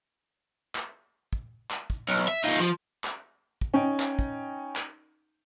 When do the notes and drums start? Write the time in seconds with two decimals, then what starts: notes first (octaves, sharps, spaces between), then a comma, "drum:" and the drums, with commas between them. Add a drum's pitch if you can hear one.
0.75 drum: clap
1.33 drum: kick
1.71 drum: clap
1.90 drum: kick
2.08 B1
2.28 E5
2.44 D#4 F4
2.59 F3
3.04 drum: clap
3.61 drum: kick
3.74 C#4 D#4 G5
4.00 drum: clap
4.19 drum: kick
4.76 drum: clap